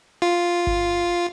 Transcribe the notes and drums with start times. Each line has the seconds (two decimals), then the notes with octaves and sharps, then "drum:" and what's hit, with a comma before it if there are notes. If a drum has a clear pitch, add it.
0.22 F4
0.67 drum: kick G1